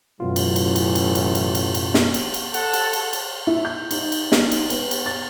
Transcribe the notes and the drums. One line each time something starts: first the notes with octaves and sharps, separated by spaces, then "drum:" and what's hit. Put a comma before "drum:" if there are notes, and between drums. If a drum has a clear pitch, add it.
A1 F#2 B2 E3 F#3 F4
drum: cymbal
drum: cymbal
drum: cymbal
drum: cymbal
drum: cymbal
drum: cymbal
drum: cymbal
drum: cymbal
drum: snare
drum: cymbal
drum: cymbal
A4 F#5, drum: cymbal
drum: cymbal
drum: cymbal
drum: cymbal
E4
G6
D#4, drum: cymbal
drum: cymbal
D#4, drum: snare
drum: cymbal
B3, drum: cymbal
drum: cymbal
A6